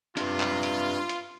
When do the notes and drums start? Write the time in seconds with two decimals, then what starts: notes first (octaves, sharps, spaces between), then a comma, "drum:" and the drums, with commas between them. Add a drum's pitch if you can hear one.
0.17 C3 D4 F4 B4, drum: hi-hat
0.40 drum: clap
0.63 drum: hi-hat
1.09 drum: hi-hat